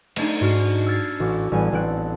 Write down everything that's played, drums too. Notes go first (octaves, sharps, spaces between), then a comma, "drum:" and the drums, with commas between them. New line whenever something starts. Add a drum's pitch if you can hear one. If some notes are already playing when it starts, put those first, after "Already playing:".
A3 D4 D#4, drum: cymbal
G#2 F#4 F6
E6 F6 G#6 A6 B6 C7
A1 F#4 D6
A1 G3 B3 G#5 F#6
A1 C4 A4 F#5 F#6 D7